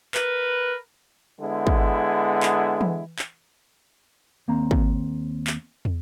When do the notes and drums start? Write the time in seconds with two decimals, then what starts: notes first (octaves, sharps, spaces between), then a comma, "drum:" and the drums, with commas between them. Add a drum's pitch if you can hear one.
0.14 A#4 B4, drum: clap
1.40 D3 G#3 B3 E4 G#4
1.67 drum: kick
2.43 drum: clap
2.81 drum: tom E3
3.19 drum: clap
4.48 D#2 A#3 C4 A#5
4.71 drum: kick
5.47 drum: clap
5.85 drum: tom